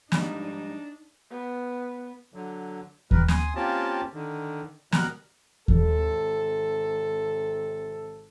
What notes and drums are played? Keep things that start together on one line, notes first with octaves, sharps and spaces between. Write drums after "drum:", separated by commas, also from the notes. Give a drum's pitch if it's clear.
G#2 F3 G3 D4 D#4, drum: snare
B3
D3 F#3
G3 A#4 B4, drum: kick D#2
G#5 C6 D#6, drum: snare
A#3 C4 C#4 F4 G4 A5
D3 D#3
B2 G3 B3 A#4 A#5 F#6, drum: snare
G#1 C3 A4, drum: kick D#2